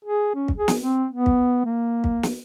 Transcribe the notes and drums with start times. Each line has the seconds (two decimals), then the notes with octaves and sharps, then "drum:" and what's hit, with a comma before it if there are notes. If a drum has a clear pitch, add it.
0.05 G#4
0.35 C#4
0.48 drum: kick
0.58 G#4
0.68 drum: snare
0.78 C4
1.11 B3
1.26 drum: kick
1.65 A#3
2.04 drum: kick
2.23 drum: snare